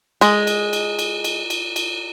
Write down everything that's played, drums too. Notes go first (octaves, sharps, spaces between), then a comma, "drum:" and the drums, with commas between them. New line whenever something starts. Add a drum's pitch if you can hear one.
G#3 D#5, drum: cymbal
drum: cymbal
drum: cymbal
drum: cymbal
drum: cymbal
drum: cymbal
drum: cymbal